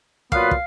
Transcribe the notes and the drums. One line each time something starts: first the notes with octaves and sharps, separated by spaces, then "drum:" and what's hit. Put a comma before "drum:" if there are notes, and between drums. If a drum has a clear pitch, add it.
A#2 F#3 B3 F4 B4 F5, drum: kick
drum: kick